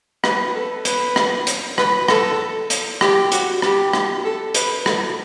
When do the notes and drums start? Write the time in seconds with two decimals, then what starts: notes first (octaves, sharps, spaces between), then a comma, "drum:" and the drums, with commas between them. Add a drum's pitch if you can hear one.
0.24 B4, drum: rim click
0.54 A4
0.85 B4, drum: hi-hat
1.16 drum: rim click
1.47 drum: hi-hat
1.78 B4, drum: rim click
2.08 A4, drum: rim click
2.70 drum: hi-hat
3.01 G4, drum: rim click
3.32 F#4, drum: hi-hat
3.62 G4, drum: rim click
3.93 drum: rim click
4.24 A4
4.55 B4, drum: hi-hat
4.86 A4, drum: rim click